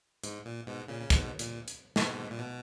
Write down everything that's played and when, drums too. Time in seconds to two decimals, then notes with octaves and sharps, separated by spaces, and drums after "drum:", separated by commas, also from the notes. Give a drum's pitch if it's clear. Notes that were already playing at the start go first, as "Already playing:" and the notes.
0.23 G#2, drum: hi-hat
0.46 A#2
0.67 G#2 B2
0.88 A#2 C#3
1.01 C#3
1.10 G#2 B2, drum: kick, hi-hat
1.39 A#2, drum: hi-hat
1.68 drum: hi-hat
1.96 G#2 B2, drum: snare
2.31 A#2
2.39 B2